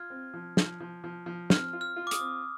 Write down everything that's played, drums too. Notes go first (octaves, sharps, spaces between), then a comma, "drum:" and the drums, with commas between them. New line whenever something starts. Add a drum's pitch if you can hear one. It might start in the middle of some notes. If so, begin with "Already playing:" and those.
Already playing: F4 F6 G#6
C4
F3
F3, drum: snare
F3
F3
F3
C4 F6, drum: snare
F4
F6
F4
D6
D#6, drum: hi-hat
C4